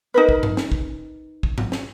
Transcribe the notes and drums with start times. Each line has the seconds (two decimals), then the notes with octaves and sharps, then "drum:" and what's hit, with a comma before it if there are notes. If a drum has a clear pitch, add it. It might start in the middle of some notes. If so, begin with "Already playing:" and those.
0.14 D#4 A#4 B4
0.29 drum: kick
0.43 drum: tom G2
0.57 drum: snare
0.72 drum: kick
1.43 drum: kick
1.58 drum: tom G#2
1.72 drum: snare